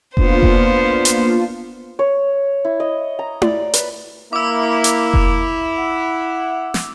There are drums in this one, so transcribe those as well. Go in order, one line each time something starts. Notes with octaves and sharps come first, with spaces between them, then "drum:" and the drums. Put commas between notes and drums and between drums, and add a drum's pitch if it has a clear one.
A#3 B3 D4 F4 C5, drum: kick F1
drum: kick F1
drum: hi-hat
C#5
E4
D#5
A#5
D5, drum: tom E4
B4, drum: hi-hat
A#3 E4 D6 E6
drum: hi-hat
drum: kick F1
F#5
drum: snare